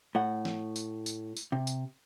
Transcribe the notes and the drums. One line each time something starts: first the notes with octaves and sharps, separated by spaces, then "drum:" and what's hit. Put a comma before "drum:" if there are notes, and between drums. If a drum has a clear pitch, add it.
A2 F#5
drum: snare
drum: tambourine
drum: tambourine
drum: tambourine
C3
drum: tambourine